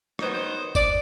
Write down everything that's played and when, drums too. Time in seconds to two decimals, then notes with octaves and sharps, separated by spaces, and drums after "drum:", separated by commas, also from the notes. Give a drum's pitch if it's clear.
0.19 D#3 F#3 B3 D#4 C5, drum: rim click
0.27 C#5
0.34 C5
0.75 D5, drum: kick, tambourine